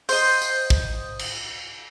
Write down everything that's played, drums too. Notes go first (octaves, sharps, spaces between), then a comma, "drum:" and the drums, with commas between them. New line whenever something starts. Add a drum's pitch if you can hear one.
C5 D#5, drum: open hi-hat
drum: tambourine
drum: kick
drum: cymbal